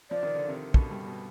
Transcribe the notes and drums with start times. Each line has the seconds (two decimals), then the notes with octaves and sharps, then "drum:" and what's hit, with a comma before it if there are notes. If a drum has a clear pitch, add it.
0.10 F3 D5
0.23 D#3
0.35 D3
0.48 C3 D#3
0.74 B2 D3, drum: kick
0.91 G2
1.07 B2